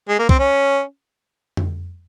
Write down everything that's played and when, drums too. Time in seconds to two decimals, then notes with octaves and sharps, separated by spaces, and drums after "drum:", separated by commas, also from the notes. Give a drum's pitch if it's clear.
0.09 G#3
0.19 A#3
0.29 C4, drum: kick
0.39 C#4
1.57 drum: tom F2